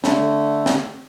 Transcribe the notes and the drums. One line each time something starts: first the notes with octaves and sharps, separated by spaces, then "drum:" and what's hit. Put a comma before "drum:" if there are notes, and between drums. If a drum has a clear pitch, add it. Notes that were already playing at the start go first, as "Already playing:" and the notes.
D3 A3, drum: snare
drum: snare